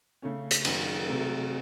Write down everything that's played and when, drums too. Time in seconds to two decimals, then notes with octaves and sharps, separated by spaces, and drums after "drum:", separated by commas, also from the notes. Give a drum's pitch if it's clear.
0.22 C#3 A3 C#4
0.51 drum: hi-hat
0.65 F#2 D#3 A#3, drum: cymbal
1.07 C3 F#3 A3